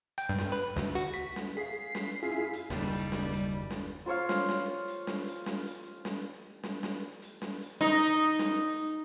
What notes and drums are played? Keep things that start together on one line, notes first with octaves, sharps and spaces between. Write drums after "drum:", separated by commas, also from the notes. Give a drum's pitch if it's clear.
G5, drum: hi-hat
G2
drum: snare
B4
D2, drum: snare
F#4, drum: hi-hat
B6
drum: snare
G#4 F5 B6 C7
drum: snare
F#2 E4 F4 G#4
drum: hi-hat
F#1 D#2 G3, drum: snare
drum: hi-hat
drum: snare
drum: hi-hat
drum: snare
F4 C5 C#5 F5
drum: snare
drum: snare
drum: hi-hat
drum: snare
drum: hi-hat
drum: snare
drum: hi-hat
drum: snare
drum: snare
drum: snare
drum: hi-hat
drum: snare
drum: hi-hat
D#4, drum: snare
drum: snare